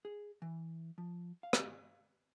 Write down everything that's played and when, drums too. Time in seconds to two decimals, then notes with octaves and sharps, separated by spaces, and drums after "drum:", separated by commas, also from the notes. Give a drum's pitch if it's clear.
0.05 G#4
0.42 E3
0.98 F3
1.43 F5
1.53 drum: rim click